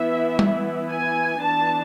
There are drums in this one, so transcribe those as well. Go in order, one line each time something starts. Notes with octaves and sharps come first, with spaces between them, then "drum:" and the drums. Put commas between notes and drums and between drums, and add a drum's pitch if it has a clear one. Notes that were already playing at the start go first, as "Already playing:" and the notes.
Already playing: E3 B3 E4 E5
drum: tom G3
G#5
E3 B3 D4 A5